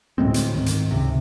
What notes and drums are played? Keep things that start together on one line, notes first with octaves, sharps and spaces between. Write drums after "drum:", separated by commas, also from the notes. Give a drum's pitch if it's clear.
D2 A2 G#3 C4
drum: hi-hat
G#2 D#3
drum: hi-hat
C#2 C3